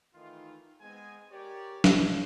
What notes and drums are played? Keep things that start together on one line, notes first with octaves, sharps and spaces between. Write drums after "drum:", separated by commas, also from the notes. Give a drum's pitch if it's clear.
D#3 E3 A3 D#4 F4
G#3 B3 C4 G#5
G4 A#4 C#5 D5
B2 C#5, drum: snare